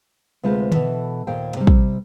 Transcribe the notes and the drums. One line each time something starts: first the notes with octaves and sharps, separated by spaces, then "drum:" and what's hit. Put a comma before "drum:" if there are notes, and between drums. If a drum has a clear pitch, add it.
D2 C3 G#3 F4 B4 C5
B2 E3 A4 E5, drum: tom D3
D#2 A#2 C5 G5
C3 G3
drum: kick